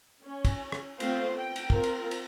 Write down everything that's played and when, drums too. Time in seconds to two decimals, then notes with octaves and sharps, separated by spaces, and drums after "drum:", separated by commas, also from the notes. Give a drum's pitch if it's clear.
0.24 C#4
0.45 drum: kick, cymbal
0.72 drum: rim click
1.00 A3 B3 C4 F4 C5 F5, drum: cymbal
1.34 G5
1.56 drum: cymbal
1.70 C4 F4 A#4, drum: kick
1.84 drum: cymbal
2.11 drum: cymbal